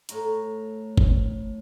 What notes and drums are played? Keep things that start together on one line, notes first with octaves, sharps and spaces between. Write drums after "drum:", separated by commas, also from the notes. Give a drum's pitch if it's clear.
A2 A3 A#5 C#6, drum: hi-hat
drum: kick G1